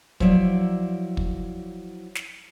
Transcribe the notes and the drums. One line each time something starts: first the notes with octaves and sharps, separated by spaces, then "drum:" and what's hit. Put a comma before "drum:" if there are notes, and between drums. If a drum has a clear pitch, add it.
F3 F#3 E4 D5, drum: kick
drum: kick
drum: snare